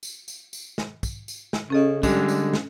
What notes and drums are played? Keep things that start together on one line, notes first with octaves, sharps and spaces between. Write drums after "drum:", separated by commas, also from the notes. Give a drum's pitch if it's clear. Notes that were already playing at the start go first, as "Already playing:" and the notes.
drum: tambourine
drum: tambourine
drum: tambourine
drum: snare
drum: kick, tambourine
drum: tambourine
drum: snare
C#3 C#4 A4 D#5
D3 G3 G#3, drum: kick, tambourine
drum: tambourine
drum: snare